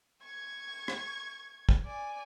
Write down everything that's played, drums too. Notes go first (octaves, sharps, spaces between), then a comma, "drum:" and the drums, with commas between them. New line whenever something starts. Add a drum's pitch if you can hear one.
C#6 G#6
drum: rim click
drum: kick
D5 G#5